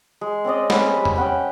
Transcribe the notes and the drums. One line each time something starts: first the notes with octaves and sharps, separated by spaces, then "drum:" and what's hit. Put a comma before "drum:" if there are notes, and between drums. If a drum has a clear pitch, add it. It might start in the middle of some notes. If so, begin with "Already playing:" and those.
G#3
C4 C#4 D5 D#5
C4 C#4 B4, drum: snare
G3 B4
drum: tom E2
C#4 F#5 G5